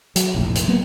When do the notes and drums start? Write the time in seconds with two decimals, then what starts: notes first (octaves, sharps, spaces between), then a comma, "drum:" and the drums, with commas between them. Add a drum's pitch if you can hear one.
0.16 F#3, drum: hi-hat
0.35 F1 A#1 A2
0.55 drum: hi-hat
0.68 F#3 A#3 B3